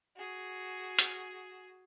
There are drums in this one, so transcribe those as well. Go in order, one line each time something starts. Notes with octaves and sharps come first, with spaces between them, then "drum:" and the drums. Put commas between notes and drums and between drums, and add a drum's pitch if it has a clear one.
F#4 G#4
drum: hi-hat